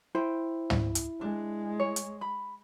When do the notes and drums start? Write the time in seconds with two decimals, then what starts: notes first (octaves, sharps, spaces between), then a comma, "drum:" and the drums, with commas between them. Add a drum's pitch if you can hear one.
0.15 E4 C5 G5
0.70 drum: tom
0.95 drum: hi-hat
1.21 G#3 D4
1.80 C#5
1.96 drum: hi-hat
2.21 B5